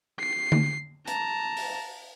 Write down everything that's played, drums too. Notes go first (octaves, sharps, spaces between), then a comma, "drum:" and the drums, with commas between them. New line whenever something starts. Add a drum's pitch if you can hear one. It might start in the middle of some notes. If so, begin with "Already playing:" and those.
C7
drum: tom D3
A5 A#5, drum: hi-hat
drum: open hi-hat